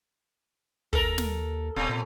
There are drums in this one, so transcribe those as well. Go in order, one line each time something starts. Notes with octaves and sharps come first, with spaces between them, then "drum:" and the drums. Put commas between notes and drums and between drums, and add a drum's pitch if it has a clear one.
D#2 A4 A#4, drum: kick
drum: snare
D#1 B2
A#2